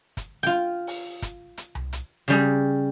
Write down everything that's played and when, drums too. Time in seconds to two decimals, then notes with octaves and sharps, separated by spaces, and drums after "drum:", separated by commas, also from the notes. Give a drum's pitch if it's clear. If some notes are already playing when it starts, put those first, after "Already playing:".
0.17 drum: kick, hi-hat
0.43 F4 G5
0.87 drum: open hi-hat
1.22 drum: kick, hi-hat
1.57 drum: hi-hat
1.75 drum: tom C2
1.93 drum: hi-hat
2.28 C#3 G3 G#4, drum: hi-hat